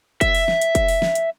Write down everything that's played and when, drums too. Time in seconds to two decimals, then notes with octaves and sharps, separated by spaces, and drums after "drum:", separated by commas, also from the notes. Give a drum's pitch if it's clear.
0.21 E5, drum: kick, hi-hat
0.35 drum: open hi-hat
0.48 drum: snare
0.62 drum: hi-hat
0.75 drum: kick, hi-hat
0.88 drum: open hi-hat
1.02 drum: snare
1.15 drum: hi-hat